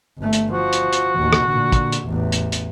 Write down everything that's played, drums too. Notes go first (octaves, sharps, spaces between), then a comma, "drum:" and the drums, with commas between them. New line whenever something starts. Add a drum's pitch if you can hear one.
G1 A3
drum: hi-hat
F3 F#4
drum: hi-hat
drum: hi-hat
A1 D#2
drum: rim click
A#2 D3
drum: kick, hi-hat
drum: hi-hat
A1 E2
drum: hi-hat
drum: hi-hat